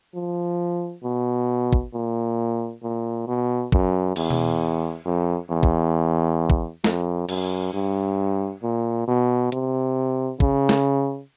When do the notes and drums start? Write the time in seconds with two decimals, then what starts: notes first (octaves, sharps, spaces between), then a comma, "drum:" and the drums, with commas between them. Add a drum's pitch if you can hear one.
0.15 F3
1.04 B2
1.73 drum: kick
1.94 A#2
2.83 A#2
3.27 B2
3.72 F#2, drum: kick
4.16 E2, drum: cymbal
4.30 drum: tom B2
5.05 F2
5.50 E2
5.63 drum: kick
6.50 drum: kick
6.84 F2, drum: snare
7.29 F#2, drum: cymbal
7.73 G2
8.63 A#2
9.07 B2
9.52 C3, drum: hi-hat
10.40 C#3, drum: kick
10.69 drum: snare